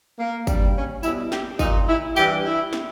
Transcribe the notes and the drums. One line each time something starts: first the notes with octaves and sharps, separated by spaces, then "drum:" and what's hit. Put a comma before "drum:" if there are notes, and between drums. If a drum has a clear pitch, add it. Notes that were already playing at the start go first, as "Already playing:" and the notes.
A#3
G2 G3, drum: kick, tambourine
C#4
B2 G3 E4, drum: tambourine
G4, drum: snare
A#2 G3 D#4, drum: kick, tambourine
E4
G2 E3 G3 G4, drum: tambourine
E4
drum: snare